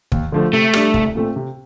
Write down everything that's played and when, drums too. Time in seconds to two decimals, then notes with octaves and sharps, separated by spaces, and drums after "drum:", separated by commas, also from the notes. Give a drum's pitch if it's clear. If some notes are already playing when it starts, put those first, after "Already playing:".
0.12 D#2, drum: kick
0.32 D3 F3 A3
0.53 C3 A3
0.73 G3 D4 G4, drum: rim click
0.94 C2, drum: kick
1.15 A#2 A3 C4
1.36 C3